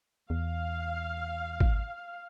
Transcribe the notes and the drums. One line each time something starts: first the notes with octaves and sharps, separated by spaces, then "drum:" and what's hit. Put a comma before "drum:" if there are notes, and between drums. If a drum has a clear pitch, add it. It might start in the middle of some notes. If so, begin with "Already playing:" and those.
E2 F5
drum: kick